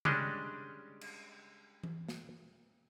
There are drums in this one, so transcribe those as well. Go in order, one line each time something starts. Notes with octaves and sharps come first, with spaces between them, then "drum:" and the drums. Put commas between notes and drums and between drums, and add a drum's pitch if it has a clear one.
G3 G#3 C#4 D4 D#5, drum: tom C#3
drum: cymbal
drum: tom E3
drum: snare